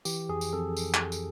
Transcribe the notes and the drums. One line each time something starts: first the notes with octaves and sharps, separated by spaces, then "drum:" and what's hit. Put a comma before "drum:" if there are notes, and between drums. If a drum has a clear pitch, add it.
E3 G4, drum: tambourine
F2 G#4
drum: tambourine
F2 A4
drum: tambourine
drum: clap
drum: tambourine